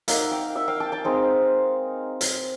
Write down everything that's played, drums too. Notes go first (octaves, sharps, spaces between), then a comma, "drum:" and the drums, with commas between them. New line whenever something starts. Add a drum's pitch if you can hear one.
A#3 D#4 E5 F#5, drum: hi-hat
F5 G5
E5 F#5
F5 G5
G5 A5
G5 A5
G#3 C4 D#4
drum: hi-hat